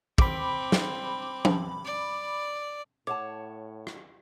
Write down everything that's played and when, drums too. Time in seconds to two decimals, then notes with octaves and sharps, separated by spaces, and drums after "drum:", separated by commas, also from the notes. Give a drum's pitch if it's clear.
0.18 C4 B5 D6, drum: kick
0.72 drum: snare
1.45 drum: tom F3
1.85 D5
3.07 A2 C#5 F#5 A5 D6
3.87 drum: rim click